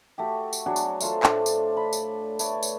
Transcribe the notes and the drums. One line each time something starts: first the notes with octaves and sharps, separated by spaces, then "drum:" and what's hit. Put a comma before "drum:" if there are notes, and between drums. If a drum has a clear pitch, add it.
A3 F#4 G4
drum: tambourine
F#3 D4 F#4 G#4
drum: tambourine
A3 F4 A4 C5, drum: tambourine
A2 D4, drum: clap
drum: tambourine
B5
drum: tambourine
A3 B4 C#5 D5, drum: tambourine
drum: tambourine